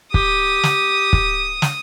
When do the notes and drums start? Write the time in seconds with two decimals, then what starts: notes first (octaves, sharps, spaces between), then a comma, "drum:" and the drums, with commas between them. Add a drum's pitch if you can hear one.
0.14 G4 D#6, drum: kick
0.63 drum: snare
1.13 drum: kick
1.62 drum: snare